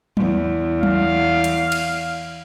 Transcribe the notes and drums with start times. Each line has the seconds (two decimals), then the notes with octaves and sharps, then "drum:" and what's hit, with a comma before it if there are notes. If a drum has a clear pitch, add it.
0.17 E2, drum: tom F#3
0.83 F5, drum: tom F#3
1.44 drum: hi-hat
1.72 drum: cymbal